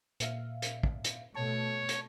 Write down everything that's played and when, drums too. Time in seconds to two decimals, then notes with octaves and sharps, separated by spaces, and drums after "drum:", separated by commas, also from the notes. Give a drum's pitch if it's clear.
0.20 A#2 E5 F5, drum: hi-hat
0.62 drum: hi-hat
0.83 drum: kick
1.04 drum: hi-hat
1.35 B2 A3 C#5 A5
1.89 drum: hi-hat